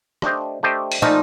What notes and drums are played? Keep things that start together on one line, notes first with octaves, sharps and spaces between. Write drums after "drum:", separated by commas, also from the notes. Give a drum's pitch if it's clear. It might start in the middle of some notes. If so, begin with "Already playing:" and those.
A3 D4 G4 C5 D#5, drum: rim click
A3 D4 G4 C5 D#5
drum: open hi-hat
A#2 F3 A3 D#4